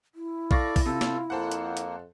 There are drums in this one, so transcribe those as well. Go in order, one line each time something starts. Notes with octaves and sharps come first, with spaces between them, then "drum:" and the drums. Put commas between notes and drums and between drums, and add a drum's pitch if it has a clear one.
E4
A4 D5 F5 C#6 A#6, drum: kick A#1
drum: kick A#1, open hi-hat
C3 F4 A4
drum: snare
F2 A#3 A4 C5 F#5
drum: hi-hat
drum: hi-hat